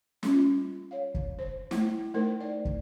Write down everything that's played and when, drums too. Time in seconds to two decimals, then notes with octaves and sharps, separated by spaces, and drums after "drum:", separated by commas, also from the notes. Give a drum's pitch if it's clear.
0.23 G3 C#4 F4, drum: snare
0.91 C#5 F5
1.14 drum: kick
1.39 C5
1.71 A3 E4, drum: snare
2.14 A3 D#4 A#4 C5
2.41 D5
2.65 drum: kick